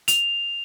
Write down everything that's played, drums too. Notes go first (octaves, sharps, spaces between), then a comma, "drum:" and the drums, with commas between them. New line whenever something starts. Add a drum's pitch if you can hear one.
F7, drum: hi-hat